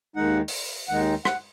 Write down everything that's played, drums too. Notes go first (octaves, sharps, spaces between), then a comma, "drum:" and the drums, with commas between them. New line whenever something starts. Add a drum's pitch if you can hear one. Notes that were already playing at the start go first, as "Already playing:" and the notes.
D#2 D#3 G#3 D#4 F#5
drum: open hi-hat
D#2 D#3 G#3 D#4 F#5
F#5, drum: rim click